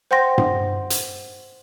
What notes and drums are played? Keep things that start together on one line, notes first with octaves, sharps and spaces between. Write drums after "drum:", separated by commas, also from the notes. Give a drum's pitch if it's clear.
C5 F#5 G5 C6 A#6
drum: tom G2
drum: hi-hat